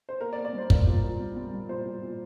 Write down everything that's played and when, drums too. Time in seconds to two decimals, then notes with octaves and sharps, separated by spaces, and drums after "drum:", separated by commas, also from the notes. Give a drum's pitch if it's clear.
0.09 C5
0.21 A#3 A#4
0.33 D5
0.37 A#3
0.45 D5
0.53 G3 C5
0.70 A#3 D5, drum: kick
0.86 A#2
1.03 A#2
1.20 G3
1.36 G3
1.53 G3
1.69 A#2 C5
1.86 A#2
2.02 A#2